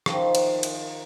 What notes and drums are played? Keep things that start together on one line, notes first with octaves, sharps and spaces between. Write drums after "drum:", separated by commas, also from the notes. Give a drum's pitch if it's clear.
D#3 F3, drum: rim click
drum: cymbal
drum: cymbal